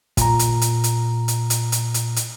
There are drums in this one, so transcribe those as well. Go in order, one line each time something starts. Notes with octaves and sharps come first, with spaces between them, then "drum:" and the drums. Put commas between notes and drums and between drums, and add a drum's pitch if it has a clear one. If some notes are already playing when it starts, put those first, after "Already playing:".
A#2 A#5, drum: kick, hi-hat
drum: hi-hat
drum: hi-hat
drum: hi-hat
drum: hi-hat
drum: hi-hat
drum: hi-hat
drum: hi-hat
drum: hi-hat